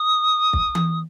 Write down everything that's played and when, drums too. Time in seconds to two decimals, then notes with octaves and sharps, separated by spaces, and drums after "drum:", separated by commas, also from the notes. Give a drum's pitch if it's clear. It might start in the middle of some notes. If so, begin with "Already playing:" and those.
Already playing: D#6
0.53 drum: kick
0.75 drum: tom E3